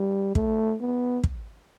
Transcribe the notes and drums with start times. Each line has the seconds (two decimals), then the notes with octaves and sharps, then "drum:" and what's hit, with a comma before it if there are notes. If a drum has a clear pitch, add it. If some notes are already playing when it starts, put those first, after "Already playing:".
Already playing: G3
0.35 A3, drum: kick
0.80 B3
1.24 drum: kick